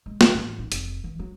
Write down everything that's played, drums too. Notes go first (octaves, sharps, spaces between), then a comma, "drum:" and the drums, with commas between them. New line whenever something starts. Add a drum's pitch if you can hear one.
G#3
D4, drum: snare
A1
D#4
F1, drum: hi-hat
E3
F#3